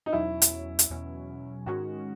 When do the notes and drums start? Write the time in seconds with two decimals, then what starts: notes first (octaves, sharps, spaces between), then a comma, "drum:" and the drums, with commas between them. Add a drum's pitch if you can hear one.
0.06 D#4
0.13 E2 B2 F#3 C#4 E4
0.42 drum: hi-hat
0.79 drum: hi-hat
0.90 E2 B2 F#3 C#4
1.66 G#2 D#3 G#3 C#4 F#4